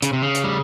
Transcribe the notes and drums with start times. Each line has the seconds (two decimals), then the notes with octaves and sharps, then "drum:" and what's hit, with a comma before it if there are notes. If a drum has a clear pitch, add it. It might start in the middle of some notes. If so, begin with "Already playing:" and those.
0.02 C#3, drum: hi-hat
0.13 C3
0.22 C#3
0.35 drum: hi-hat
0.44 G3